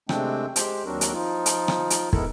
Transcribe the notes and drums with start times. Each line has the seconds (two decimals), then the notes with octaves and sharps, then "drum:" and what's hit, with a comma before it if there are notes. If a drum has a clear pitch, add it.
0.09 C3 G#3 A3 C4 D4 G5, drum: rim click
0.56 G#3 G4 C5, drum: hi-hat
0.85 D#2 F#3 C4 D4 F#4 A#4
1.01 drum: hi-hat
1.12 F3 D#4 F4
1.46 drum: hi-hat
1.68 drum: rim click
1.90 drum: hi-hat
2.13 G#3 B3 E4 A4 A#4, drum: kick